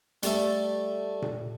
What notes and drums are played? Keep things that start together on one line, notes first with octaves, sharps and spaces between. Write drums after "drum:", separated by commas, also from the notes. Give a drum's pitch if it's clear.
G3 A3 A4, drum: hi-hat
drum: tom A#2